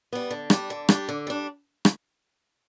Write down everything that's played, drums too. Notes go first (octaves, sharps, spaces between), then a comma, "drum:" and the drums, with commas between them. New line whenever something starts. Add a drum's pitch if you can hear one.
G3 B3
D3
G3 D4 G4, drum: rim click
D3
G3 D4 G4, drum: rim click
D3
G3 D4
drum: rim click